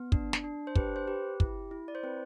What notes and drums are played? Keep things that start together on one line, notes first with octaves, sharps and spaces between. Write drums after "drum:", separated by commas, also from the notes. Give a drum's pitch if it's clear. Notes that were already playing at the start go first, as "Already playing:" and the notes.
Already playing: B3
D4, drum: kick
drum: snare
D4
C5
G4 B4, drum: kick
C5
G4 B4
E4, drum: kick
E4
D5
C5
C4 B4